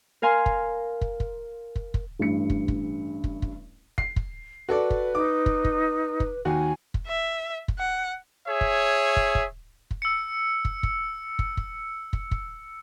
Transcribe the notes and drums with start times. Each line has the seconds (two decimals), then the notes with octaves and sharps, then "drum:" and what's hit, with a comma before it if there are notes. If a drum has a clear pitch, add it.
0.22 A#4 F5 G#5 A#5 C6
0.46 drum: kick
1.01 drum: kick
1.20 drum: kick
1.76 drum: kick
1.94 drum: kick
2.19 A1 G2 C#7
2.50 drum: kick
2.68 drum: kick
3.24 drum: kick
3.42 drum: kick
3.98 C7, drum: kick
4.16 drum: kick
4.69 F#4 A4 B4 D5
4.90 drum: kick
5.15 D#4 D6
5.46 drum: kick
5.65 drum: kick
6.20 drum: kick
6.45 D#2 F#4 G#5
6.94 drum: kick
7.07 E5
7.68 drum: kick
7.79 F#5
8.47 G#4 C#5 E5
8.61 drum: kick
9.16 drum: kick
9.35 drum: kick
9.91 drum: kick
10.02 E6 C#7
10.65 drum: kick
10.83 drum: kick
11.39 drum: kick
11.57 drum: kick
12.13 drum: kick
12.31 drum: kick